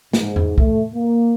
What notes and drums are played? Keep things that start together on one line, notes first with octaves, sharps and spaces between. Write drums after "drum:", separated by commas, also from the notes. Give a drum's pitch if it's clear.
G#2, drum: snare
drum: tom E2
A3, drum: kick
A#3